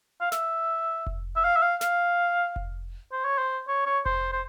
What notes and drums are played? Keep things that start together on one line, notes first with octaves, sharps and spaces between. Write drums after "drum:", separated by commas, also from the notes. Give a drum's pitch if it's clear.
F5
E5, drum: snare
drum: kick F1
E5
F5
E5
F5
F5, drum: snare
drum: kick F1
C5
C#5
C5
C#5
C#5
C5, drum: kick F1
C5